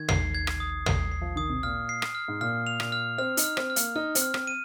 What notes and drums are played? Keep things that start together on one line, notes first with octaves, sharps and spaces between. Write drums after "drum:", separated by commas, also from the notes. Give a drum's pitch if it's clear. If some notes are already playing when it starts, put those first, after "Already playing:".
Already playing: D#3 G#6
C7, drum: tom
G#6
drum: rim click
D#6
C7, drum: tom
C7
F3
D#3 D#6
C3
A#2 F6
C7
drum: rim click
F6
G#2
A#2 F6
F7
A#2, drum: rim click
F6
C4 F6
D#4, drum: hi-hat
F6
C4, drum: rim click
F6
A#3, drum: hi-hat
D#4 F6
C4, drum: hi-hat
F6
C4, drum: rim click
D#7